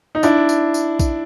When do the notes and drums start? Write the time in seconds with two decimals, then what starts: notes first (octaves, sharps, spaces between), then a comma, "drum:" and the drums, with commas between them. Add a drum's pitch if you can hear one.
0.15 D#4
0.23 D4 E4, drum: tambourine
0.49 drum: tambourine
0.74 drum: tambourine
1.00 drum: kick A#1, tambourine